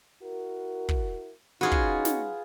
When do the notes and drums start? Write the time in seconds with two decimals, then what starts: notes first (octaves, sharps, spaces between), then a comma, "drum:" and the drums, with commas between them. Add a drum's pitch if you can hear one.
0.22 E4 F#4 A#4
0.89 drum: kick
1.61 C#4 D#4 F4 F#4 G#4 B4
1.72 drum: kick
2.05 drum: snare